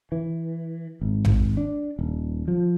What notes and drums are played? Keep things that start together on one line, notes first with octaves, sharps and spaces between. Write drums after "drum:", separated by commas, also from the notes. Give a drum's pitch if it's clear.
E3
G#1
drum: tom A1
D4
D#1
F3